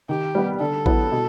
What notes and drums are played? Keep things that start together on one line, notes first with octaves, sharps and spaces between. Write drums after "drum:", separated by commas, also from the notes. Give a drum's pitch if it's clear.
D#3 G4
G3 B3
D3 A4
F#3 B3 E4, drum: kick A1
B2